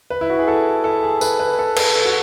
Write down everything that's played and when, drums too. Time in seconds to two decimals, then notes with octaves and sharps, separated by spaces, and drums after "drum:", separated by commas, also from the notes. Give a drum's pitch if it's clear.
0.10 B4
0.21 E4
0.30 F#4
0.39 G#4
0.48 A4
0.84 A4
1.03 G#4
1.21 B4, drum: tambourine
1.40 B4
1.59 A4
1.76 B4, drum: cymbal
1.95 A4
2.05 F#4